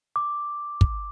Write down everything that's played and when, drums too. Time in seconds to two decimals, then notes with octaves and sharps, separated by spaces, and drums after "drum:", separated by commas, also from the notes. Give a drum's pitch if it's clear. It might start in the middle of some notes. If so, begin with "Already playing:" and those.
0.16 D6
0.81 drum: kick